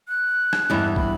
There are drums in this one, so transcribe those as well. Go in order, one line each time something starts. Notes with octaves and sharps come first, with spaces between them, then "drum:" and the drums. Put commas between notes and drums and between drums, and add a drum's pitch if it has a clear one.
F#6
drum: rim click
E2 G2 E4
B5, drum: kick